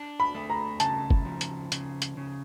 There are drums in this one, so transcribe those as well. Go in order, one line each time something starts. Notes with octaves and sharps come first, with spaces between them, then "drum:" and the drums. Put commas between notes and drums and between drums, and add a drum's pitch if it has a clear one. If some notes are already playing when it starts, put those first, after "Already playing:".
Already playing: D4
B5
A3
A#5
C#3 A5, drum: hi-hat
drum: kick
F3
drum: hi-hat
C#3, drum: hi-hat
drum: hi-hat
C#3